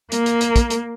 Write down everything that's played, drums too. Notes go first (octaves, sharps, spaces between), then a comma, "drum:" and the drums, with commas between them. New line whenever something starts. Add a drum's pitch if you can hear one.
A#3, drum: hi-hat
drum: hi-hat
drum: hi-hat
drum: kick, hi-hat
drum: hi-hat